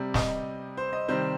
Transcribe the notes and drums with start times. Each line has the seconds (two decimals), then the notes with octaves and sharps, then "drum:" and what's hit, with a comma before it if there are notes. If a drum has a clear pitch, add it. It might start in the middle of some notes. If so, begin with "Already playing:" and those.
Already playing: C3 G3
0.14 D#5, drum: snare
0.77 C5
0.93 D#5
1.08 C3 D#3 G3 C5